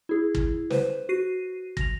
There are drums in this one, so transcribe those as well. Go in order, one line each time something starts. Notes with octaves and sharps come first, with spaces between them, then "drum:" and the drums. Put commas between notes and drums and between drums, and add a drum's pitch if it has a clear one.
E4 G#4
drum: kick
B4 C5, drum: snare
F#4 C7 D#7
A#6 F7, drum: kick